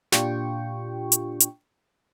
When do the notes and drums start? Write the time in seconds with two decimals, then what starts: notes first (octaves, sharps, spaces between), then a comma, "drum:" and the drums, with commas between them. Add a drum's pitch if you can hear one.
0.12 A#2 D4 F4 G4 G5 C#6, drum: snare
1.12 drum: hi-hat
1.40 drum: hi-hat